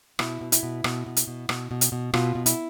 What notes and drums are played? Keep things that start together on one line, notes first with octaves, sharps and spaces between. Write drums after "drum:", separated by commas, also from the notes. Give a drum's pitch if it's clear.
B2 E4, drum: rim click
B2
E4, drum: hi-hat
B2
B2, drum: rim click
B2
drum: hi-hat
B2
B2, drum: rim click
B2
drum: hi-hat
B2
B2 F4, drum: rim click
B2
E4, drum: hi-hat